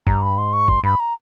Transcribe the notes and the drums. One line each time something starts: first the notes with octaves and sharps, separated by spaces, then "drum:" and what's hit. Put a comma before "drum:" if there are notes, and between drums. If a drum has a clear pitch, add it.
G2 A#5, drum: kick
B5
G#2 C6
C#6
G2 C6, drum: kick
G2 B5
A#5